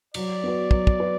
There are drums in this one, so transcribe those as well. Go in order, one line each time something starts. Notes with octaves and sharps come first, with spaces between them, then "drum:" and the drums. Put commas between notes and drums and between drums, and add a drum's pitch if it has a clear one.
F#3 D5, drum: cymbal
B3 F#4 B4
F#3, drum: kick
drum: kick
F#4 B4